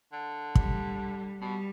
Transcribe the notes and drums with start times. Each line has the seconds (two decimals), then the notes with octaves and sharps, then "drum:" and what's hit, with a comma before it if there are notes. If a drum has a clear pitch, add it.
0.13 D3
0.55 G3, drum: kick
1.41 B2 G3